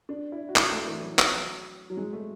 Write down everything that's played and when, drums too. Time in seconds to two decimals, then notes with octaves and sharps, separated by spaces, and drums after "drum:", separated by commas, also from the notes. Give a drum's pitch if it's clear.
0.09 D4
0.32 E4
0.49 F#4
0.56 E4, drum: clap
0.71 A3
0.87 E3
1.02 F#3
1.18 drum: clap
1.90 F#3
1.97 G#3
2.13 A3